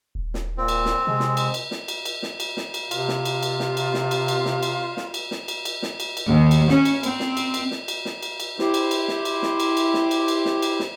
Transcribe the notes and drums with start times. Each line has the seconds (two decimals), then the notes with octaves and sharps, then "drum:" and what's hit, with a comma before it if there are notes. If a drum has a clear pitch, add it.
0.15 D#1
0.34 drum: snare
0.58 A#2 C4
0.68 drum: cymbal
0.85 drum: snare
1.07 C3 G#3
1.20 drum: snare
1.37 drum: cymbal
1.54 drum: cymbal
1.71 drum: snare
1.88 drum: cymbal
2.05 drum: cymbal
2.23 drum: snare
2.40 drum: cymbal
2.57 drum: snare
2.74 drum: cymbal
2.91 C3 F4, drum: cymbal
3.08 drum: snare
3.25 drum: cymbal
3.43 drum: cymbal
3.60 drum: snare
3.77 drum: cymbal
3.94 drum: snare
4.11 drum: cymbal
4.28 drum: cymbal
4.45 drum: snare
4.63 drum: cymbal
4.97 drum: snare
5.14 drum: cymbal
5.31 drum: snare
5.48 drum: cymbal
5.65 drum: cymbal
5.83 drum: snare
6.00 drum: cymbal
6.17 drum: cymbal
6.27 D#2
6.51 drum: cymbal
6.69 C#4, drum: snare
6.85 drum: cymbal
7.03 C4, drum: cymbal
7.20 drum: snare
7.37 drum: cymbal
7.54 drum: cymbal
7.71 drum: snare
7.88 drum: cymbal
8.05 drum: snare
8.22 drum: cymbal
8.40 drum: cymbal
8.59 E4 G4 C5, drum: snare
8.74 drum: cymbal
8.91 drum: cymbal
9.08 drum: snare
9.25 drum: cymbal
9.42 drum: snare
9.60 drum: cymbal
9.77 drum: cymbal
9.94 drum: snare
10.11 drum: cymbal
10.28 drum: cymbal
10.45 drum: snare
10.62 drum: cymbal
10.80 drum: snare